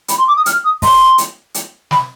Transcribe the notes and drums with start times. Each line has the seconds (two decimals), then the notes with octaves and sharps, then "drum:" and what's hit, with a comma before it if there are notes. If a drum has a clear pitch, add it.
0.08 B5, drum: hi-hat
0.17 C6
0.27 D6
0.36 D#6
0.46 F6, drum: hi-hat
0.64 D#6
0.82 C6, drum: kick, open hi-hat
1.18 drum: hi-hat
1.54 drum: hi-hat
1.91 B5, drum: snare